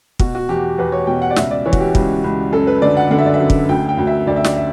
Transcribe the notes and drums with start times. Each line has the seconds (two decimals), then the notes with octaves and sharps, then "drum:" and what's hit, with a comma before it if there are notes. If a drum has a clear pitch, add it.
0.19 B2 F#4, drum: kick
0.35 F#4
0.49 E2 G4
0.78 E2 B4
0.92 C#5
1.07 B2 G5
1.22 F#5
1.31 D5
1.36 C#2 E5, drum: snare
1.51 D5
1.66 E3 C#5
1.73 F#4, drum: kick
1.80 G4
1.95 C#2, drum: kick
2.24 C#2
2.52 F#2 A4
2.67 B4
2.82 D3 D5
2.97 F#5
3.11 D3 F#5
3.19 E5
3.26 D5
3.34 E5
3.40 F#2
3.50 drum: kick
3.69 D2 G5
3.89 G5
3.98 D2
4.07 E5
4.27 D2 D5
4.36 E5
4.44 D5, drum: snare
4.57 E5